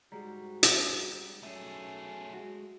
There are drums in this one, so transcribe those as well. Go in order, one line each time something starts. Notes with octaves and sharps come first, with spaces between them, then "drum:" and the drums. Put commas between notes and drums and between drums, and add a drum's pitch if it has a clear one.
G#2 G3 G#3 F#4 A#5
drum: hi-hat
B1 F#3 A3 C#4 G#4 E5
G#3 F#4